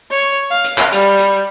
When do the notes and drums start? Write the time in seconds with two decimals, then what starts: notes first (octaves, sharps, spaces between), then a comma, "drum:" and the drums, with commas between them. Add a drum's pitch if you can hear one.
0.10 C#5
0.51 F5
0.64 drum: hi-hat
0.78 drum: clap
0.93 G3, drum: hi-hat
1.19 drum: hi-hat